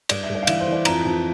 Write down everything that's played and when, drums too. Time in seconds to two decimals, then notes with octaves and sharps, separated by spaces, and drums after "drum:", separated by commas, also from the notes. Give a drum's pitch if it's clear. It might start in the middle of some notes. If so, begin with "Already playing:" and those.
0.09 G2 D5, drum: cymbal
0.23 E5
0.30 G2
0.35 D5
0.43 F5
0.47 E3 E5, drum: cymbal
0.60 C5
0.67 E3
0.73 D5
0.85 F2 A#5, drum: cymbal
1.05 F2